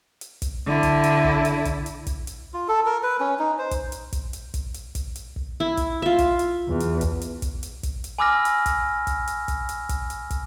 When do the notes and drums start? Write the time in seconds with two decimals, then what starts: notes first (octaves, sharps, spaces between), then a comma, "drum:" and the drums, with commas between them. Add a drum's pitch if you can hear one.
0.21 drum: hi-hat
0.42 drum: kick, hi-hat
0.66 D3 E4
0.83 drum: kick, hi-hat
1.04 drum: hi-hat
1.24 drum: kick
1.45 drum: hi-hat
1.65 drum: kick, hi-hat
1.86 drum: hi-hat
2.07 drum: kick, hi-hat
2.27 drum: hi-hat
2.54 F4
2.68 A4
2.86 A#4
3.03 B4
3.20 C#4
3.39 D#4
3.58 C5
3.71 drum: kick, hi-hat
3.92 drum: hi-hat
4.13 drum: kick, hi-hat
4.33 drum: hi-hat
4.54 drum: kick, hi-hat
4.74 drum: hi-hat
4.95 drum: kick, hi-hat
5.16 drum: hi-hat
5.36 drum: kick
5.60 E4
5.77 drum: kick, hi-hat
6.02 F4 E5
6.19 drum: kick, hi-hat
6.39 drum: hi-hat
6.68 E2
6.80 drum: hi-hat
7.01 drum: kick, hi-hat
7.21 drum: hi-hat
7.42 drum: kick, hi-hat
7.63 drum: hi-hat
7.83 drum: kick, hi-hat
8.04 drum: hi-hat
8.18 G#5 B5 D6 E6 F6 A#6
8.45 drum: hi-hat
8.66 drum: kick, hi-hat
9.07 drum: kick, hi-hat
9.27 drum: hi-hat
9.48 drum: kick, hi-hat
9.69 drum: hi-hat
9.89 drum: kick, hi-hat
10.10 drum: hi-hat
10.30 drum: kick, hi-hat